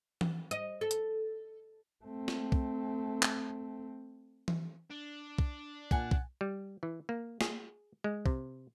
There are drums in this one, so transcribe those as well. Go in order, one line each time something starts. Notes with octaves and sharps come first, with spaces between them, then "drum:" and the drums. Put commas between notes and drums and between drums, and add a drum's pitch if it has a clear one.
drum: tom E3
D#5, drum: hi-hat
A4
drum: hi-hat
A3 C4
drum: snare A#3
drum: kick
drum: clap
drum: tom E3
D4
drum: kick
A#2 F#5 G#5 A5, drum: kick
drum: kick
G3
E3
A#3
G#4, drum: snare A#3
G#3
C3, drum: kick